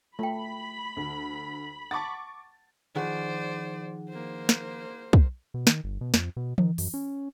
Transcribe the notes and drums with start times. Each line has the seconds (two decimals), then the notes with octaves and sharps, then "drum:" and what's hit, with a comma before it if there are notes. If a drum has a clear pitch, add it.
0.19 A3 F4 G5 B5
0.96 D2
1.91 F#5 A5 C#6 D6 A6
2.96 D#3 F3 G#4 C5 D5 F#5
4.10 A#3 C5
4.49 drum: snare
5.13 drum: kick
5.54 B2
5.67 D#3, drum: snare
5.84 G1
6.01 B2
6.14 F2, drum: snare
6.37 B2
6.58 D#3, drum: tom E3
6.78 F#2, drum: open hi-hat
6.94 C#4